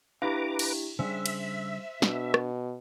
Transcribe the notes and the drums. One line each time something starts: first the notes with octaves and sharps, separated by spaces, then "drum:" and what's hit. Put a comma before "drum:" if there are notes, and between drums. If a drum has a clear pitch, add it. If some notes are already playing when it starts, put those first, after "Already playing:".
D4 E4 G4 B4 F5 A#5 B5 D6
drum: cymbal
C#3 G3 D4 C5 E5
drum: cymbal
B2 D4, drum: snare
drum: rim click